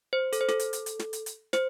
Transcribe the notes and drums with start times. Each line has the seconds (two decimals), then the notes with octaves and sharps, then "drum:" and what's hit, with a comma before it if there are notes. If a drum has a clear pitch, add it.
0.13 C5
0.33 A4, drum: hi-hat
0.41 C5
0.48 A4, drum: snare
0.59 drum: hi-hat
0.73 drum: hi-hat
0.86 drum: hi-hat
0.99 drum: snare
1.13 drum: hi-hat
1.26 drum: hi-hat
1.53 C5, drum: snare